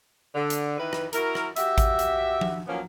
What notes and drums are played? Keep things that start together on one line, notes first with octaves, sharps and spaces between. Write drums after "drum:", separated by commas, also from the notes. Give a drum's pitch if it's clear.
D3
drum: hi-hat
D#3 E3 E4 B4
drum: rim click
E4 F#4 A#4, drum: hi-hat
drum: rim click
F#4 G4 E5, drum: hi-hat
drum: kick G#1, hi-hat
drum: hi-hat
drum: tom F3
F3 F#3 A#3 B3 C#4